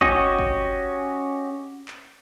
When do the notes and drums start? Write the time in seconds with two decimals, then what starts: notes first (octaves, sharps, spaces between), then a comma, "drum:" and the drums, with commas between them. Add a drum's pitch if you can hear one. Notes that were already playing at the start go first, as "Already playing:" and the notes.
0.01 C#4 F#4 G4 D#5, drum: kick
0.39 drum: kick
1.88 drum: clap